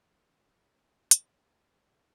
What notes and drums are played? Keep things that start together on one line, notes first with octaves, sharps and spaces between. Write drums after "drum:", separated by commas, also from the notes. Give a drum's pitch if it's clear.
A#3 F4 G4 F#5 G5 C6
drum: hi-hat